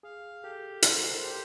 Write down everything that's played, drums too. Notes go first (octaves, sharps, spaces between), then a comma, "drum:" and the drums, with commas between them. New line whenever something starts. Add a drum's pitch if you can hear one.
G#4 F5
G4 A4
A4 C5, drum: hi-hat
A#4
G4